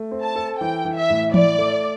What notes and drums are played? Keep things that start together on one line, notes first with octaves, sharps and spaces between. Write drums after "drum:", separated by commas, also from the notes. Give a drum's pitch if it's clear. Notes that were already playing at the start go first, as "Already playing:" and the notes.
Already playing: A3
C4
A5
A4
E3 G5
E3
E5
A2
E4 D5, drum: tom E3
A3